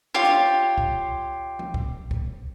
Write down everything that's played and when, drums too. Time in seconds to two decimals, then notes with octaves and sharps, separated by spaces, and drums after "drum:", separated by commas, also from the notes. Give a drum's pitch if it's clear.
0.14 F4 G4 C#5
0.23 drum: snare
0.78 drum: kick C2
1.59 drum: tom F3
1.74 drum: kick C2
2.11 drum: kick C2